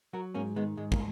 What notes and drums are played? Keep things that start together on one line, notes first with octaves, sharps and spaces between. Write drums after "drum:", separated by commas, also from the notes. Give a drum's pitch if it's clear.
F#3 F#4 A#4
G#2 A#3 C#4
D#3 G#3 B3
G#2 G#3
A#3, drum: kick